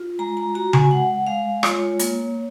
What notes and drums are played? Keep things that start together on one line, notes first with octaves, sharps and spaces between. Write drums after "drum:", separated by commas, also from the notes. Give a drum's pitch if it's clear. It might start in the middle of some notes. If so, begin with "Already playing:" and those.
Already playing: F4
G#3 A#5
A#5
F#4 A#5
G#5, drum: tom C#3
G#3 F#5
G#3 F5
F4 C#5, drum: rim click
A#3, drum: hi-hat